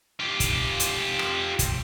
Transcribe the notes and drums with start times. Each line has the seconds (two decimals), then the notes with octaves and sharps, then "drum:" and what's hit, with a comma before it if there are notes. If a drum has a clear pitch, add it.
0.20 F4 G4
0.40 drum: kick, hi-hat
0.80 drum: hi-hat
1.19 drum: rim click
1.59 drum: kick, hi-hat